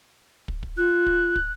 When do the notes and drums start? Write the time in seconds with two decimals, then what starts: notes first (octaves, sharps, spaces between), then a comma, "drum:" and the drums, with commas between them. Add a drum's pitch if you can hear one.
0.48 drum: kick
0.63 drum: kick
0.77 F4 F#6
1.06 drum: kick
1.36 drum: kick